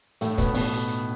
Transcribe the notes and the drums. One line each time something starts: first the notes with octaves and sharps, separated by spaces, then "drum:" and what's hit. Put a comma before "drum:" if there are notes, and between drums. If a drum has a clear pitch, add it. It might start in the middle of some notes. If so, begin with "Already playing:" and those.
A2 A3, drum: hi-hat
B2 B3, drum: kick, hi-hat
B2 B3, drum: open hi-hat
drum: hi-hat
drum: hi-hat